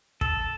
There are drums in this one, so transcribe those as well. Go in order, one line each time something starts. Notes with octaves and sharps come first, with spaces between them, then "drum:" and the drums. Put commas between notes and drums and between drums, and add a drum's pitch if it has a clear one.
A4, drum: kick